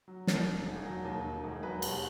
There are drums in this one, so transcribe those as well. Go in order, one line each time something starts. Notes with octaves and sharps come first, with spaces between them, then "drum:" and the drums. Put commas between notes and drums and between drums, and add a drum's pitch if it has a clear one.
F#3
D#2, drum: snare
D#3
E1
F#3
D#2
D#3
E1
F#3 B4
D#2, drum: cymbal